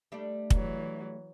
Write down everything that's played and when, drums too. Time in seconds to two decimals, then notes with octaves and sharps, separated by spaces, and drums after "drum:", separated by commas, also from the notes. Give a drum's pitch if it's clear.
0.12 G3 A3 D4
0.50 E3 F#3, drum: kick